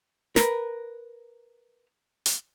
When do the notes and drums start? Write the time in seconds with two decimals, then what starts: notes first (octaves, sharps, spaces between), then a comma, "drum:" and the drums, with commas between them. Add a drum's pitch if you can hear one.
0.36 A#4 B4, drum: snare
2.26 drum: hi-hat